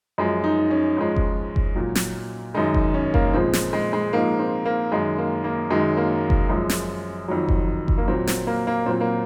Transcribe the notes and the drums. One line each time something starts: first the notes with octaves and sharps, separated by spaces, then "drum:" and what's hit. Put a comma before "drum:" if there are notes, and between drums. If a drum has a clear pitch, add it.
F#2 F3 G#3
D#4
C#4
G#2 F3 G#3
drum: kick F#1
drum: kick F#1
A#2 F#3
drum: snare
F#2 D#3 G#3 D#4
drum: kick F#1
C#4
A#3, drum: kick F#1
A#2 F3 G#3 C4
drum: snare
G#3
G#3
G#2 F3 G#3 A#3
C4
A#3
F#2 D#3 G#3
A#3
A#3
F#2 D#3 F#3 G#3
A#3
drum: kick F#1
F#2 F3 G#3
drum: snare
F2 D#3 F#3
drum: kick F#1
drum: kick F#1
A#3
A#2 F#3 C4
C4, drum: snare
A#3
A#3
A#2 F#3 C4
A#3